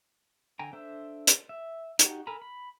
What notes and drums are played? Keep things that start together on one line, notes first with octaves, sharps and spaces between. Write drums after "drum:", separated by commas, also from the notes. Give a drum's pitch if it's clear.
D3 G5 G#5 A#5
D4 A4 C5 E5
drum: hi-hat
E5
D#4 F#4 G4, drum: hi-hat
A4 A#4 G#5 A#5 B5
B5